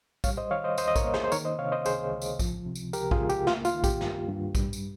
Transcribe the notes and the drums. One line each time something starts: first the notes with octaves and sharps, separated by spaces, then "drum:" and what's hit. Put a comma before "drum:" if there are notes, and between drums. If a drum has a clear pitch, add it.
G3 C#5 F5, drum: kick A#1, tambourine
C5 D#5
D#3 C#5 F5
C5 D#5
D#2 C5 D#5, drum: tambourine
D#5
A#4 C#5, drum: kick A#1, tambourine
A#3
G#4 C5, drum: snare
C5
D#3 A#4 C#5, drum: tambourine
C5 D#5
C3 C#5 F5
C5 D#5
C#2 G#4 C5, drum: tambourine
C#2
drum: tambourine
F3, drum: kick A#1, tambourine
C3
drum: tambourine
C#2 G4 A#4, drum: tambourine
F4 G#4, drum: kick A#1
C#2
G4, drum: tambourine
A#3 F4, drum: snare
F4, drum: tambourine
D#3
G4, drum: kick A#1, tambourine
G2, drum: snare
G2
G3, drum: kick A#1, tambourine
drum: tambourine